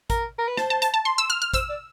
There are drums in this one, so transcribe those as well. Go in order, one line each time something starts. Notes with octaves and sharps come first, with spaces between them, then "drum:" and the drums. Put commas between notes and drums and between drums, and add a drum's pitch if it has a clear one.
A#4, drum: kick A1, hi-hat
A#4
B4
C5 A5, drum: snare
A5
A5, drum: hi-hat
A5
C6
E6
F6
F6
C5 E6, drum: kick A1, hi-hat
D5